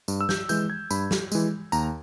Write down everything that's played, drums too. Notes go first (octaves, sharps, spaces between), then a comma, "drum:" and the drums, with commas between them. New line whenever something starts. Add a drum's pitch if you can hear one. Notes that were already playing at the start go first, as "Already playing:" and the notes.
G2, drum: tambourine
E6
G6, drum: snare
E3 G#3 G6, drum: tambourine
G#6
G2 B5, drum: tambourine
drum: snare
E3 G#3, drum: tambourine
D#2 A#5, drum: tambourine